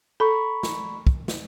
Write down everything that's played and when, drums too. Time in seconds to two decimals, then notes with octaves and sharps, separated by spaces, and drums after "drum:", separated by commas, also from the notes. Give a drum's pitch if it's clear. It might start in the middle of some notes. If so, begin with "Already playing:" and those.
0.20 A4 A#5 B5 C#6
0.63 drum: snare
1.07 drum: kick
1.28 drum: snare